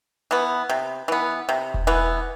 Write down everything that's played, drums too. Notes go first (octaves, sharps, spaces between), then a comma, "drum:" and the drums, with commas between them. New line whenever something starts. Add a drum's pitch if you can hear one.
E3 B3
C3
E3 B3
C3
drum: kick E1
E3 B3